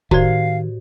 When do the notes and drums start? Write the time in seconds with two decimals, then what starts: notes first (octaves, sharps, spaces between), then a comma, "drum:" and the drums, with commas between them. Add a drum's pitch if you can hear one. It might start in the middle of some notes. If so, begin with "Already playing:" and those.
0.11 A2 D#3 F#4 C5 D5 F5, drum: kick